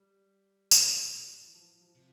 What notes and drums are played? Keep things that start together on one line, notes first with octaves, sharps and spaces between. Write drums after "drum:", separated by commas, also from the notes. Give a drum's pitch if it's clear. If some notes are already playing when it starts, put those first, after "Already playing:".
Already playing: G3
drum: tambourine
D3 G3
A2
A2
E3
F3
F3
F3
C3